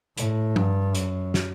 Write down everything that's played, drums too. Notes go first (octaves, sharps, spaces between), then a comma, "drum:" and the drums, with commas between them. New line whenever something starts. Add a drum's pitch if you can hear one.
A2, drum: hi-hat
G2, drum: tom F3
F#2, drum: hi-hat
drum: snare